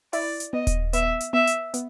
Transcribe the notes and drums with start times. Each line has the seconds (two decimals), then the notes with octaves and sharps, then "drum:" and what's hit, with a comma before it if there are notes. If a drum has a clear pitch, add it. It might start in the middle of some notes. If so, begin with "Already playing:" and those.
0.13 E4 D5, drum: open hi-hat
0.40 drum: hi-hat
0.53 B3 D#5
0.67 drum: kick D#1, hi-hat
0.93 B3 E5, drum: hi-hat
1.20 drum: hi-hat
1.33 B3 E5
1.47 drum: hi-hat
1.74 B3, drum: hi-hat